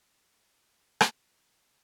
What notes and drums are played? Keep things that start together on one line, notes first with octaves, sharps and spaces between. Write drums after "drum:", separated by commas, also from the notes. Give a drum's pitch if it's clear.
G3 D#5
drum: rim click